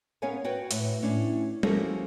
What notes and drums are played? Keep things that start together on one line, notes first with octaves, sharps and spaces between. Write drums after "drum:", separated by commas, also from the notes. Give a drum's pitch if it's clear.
B3 C#4 A#4 C#5 F5 G#5
F#4 B4 C#5 F#5 G5
A2, drum: hi-hat
A2 C#4 D4
F3 C#4 F#4 G4 A4 A#4, drum: tom G3